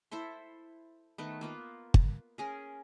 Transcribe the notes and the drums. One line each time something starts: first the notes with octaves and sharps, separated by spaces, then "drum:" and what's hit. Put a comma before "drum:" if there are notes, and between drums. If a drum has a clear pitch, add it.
E4 A4 C5 C6
D#3 A3 B3
A#3 B3 F4
drum: kick G1
C#4 G#4 A#4